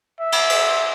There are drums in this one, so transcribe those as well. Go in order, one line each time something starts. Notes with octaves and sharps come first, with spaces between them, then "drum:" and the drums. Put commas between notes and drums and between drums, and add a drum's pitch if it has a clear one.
E5
drum: cymbal
drum: cymbal